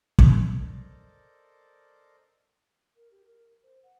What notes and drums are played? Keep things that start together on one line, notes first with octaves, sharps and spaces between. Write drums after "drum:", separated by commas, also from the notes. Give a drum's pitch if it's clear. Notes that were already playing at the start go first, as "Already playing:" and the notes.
drum: kick
A4 A#4 C5 D5 D#5
A#4
G4
A#4
C5
F#5